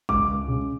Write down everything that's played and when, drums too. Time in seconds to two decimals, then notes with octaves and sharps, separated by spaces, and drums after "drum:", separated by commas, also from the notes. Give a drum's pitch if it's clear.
0.09 C#2 D6, drum: kick
0.28 C#2
0.48 C#3